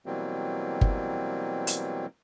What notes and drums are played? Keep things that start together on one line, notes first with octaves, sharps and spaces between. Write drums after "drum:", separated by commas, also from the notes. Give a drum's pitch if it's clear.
B2 E3 F#3 G3 A#3 C4
drum: kick G1
drum: hi-hat